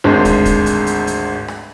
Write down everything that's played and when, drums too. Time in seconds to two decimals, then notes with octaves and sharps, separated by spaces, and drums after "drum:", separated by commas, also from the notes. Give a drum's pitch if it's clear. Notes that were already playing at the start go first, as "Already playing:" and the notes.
0.04 G#1 D2 G#3 D4 C5
0.25 drum: kick, hi-hat
0.45 drum: kick, hi-hat
0.66 drum: hi-hat
0.87 drum: hi-hat
1.07 drum: hi-hat
1.48 drum: rim click